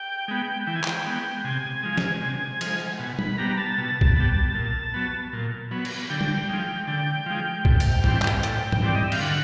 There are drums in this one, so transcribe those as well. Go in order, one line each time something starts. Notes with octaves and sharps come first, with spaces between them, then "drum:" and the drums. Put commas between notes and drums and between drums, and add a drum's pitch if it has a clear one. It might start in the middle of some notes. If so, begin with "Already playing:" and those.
Already playing: G5
G#3 B3
E3 G5
G#5
G5, drum: clap
G#3 B3
C3 G#5
F3 G#3
drum: snare
C3
F3 G#3, drum: cymbal
B2
B5, drum: tom
G3 B3 A#5
A5
B2
drum: kick B1
G3 B3
A#2
F#3 B3
A#2
F#3 B3
drum: cymbal
D3 G5
drum: tom
F3 G#3
D3 G5
F3 G#3
A2, drum: kick B1
drum: cymbal
E3 G3 C4, drum: tom G#2
drum: clap
A2, drum: hi-hat
drum: tom G#2
E3 G3 C4 D5
D#5
E5
F5, drum: cymbal
D3 F#5